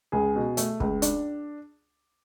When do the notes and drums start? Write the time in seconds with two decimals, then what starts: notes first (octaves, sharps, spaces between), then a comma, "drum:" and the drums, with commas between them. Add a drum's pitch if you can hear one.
0.12 C#2 G#4
0.36 B2
0.57 A3, drum: hi-hat
0.80 C#2, drum: kick
1.02 D4, drum: hi-hat